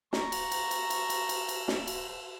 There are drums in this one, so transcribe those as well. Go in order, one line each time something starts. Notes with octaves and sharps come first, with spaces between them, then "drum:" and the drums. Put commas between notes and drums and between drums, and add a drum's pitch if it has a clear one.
A#5 C#6, drum: snare
drum: cymbal
drum: cymbal
drum: cymbal
drum: cymbal
drum: cymbal
drum: cymbal
drum: cymbal
drum: snare
drum: cymbal